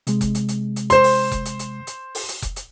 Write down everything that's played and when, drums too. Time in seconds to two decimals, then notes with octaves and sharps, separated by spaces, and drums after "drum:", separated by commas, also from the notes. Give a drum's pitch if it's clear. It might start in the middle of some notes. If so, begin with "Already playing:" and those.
0.07 C3 G#3, drum: hi-hat
0.21 drum: kick F1, hi-hat
0.35 drum: hi-hat
0.48 drum: hi-hat
0.76 drum: hi-hat
0.90 C5 C6, drum: hi-hat
1.04 drum: open hi-hat
1.32 drum: kick F1, hi-hat
1.45 drum: hi-hat
1.59 drum: hi-hat
1.87 drum: hi-hat
2.15 drum: open hi-hat
2.29 drum: hi-hat
2.42 drum: kick F1, hi-hat
2.56 drum: hi-hat